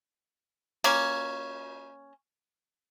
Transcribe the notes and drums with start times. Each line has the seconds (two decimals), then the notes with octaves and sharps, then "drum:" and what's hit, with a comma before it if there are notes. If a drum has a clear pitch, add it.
0.84 A#3 C#4, drum: cymbal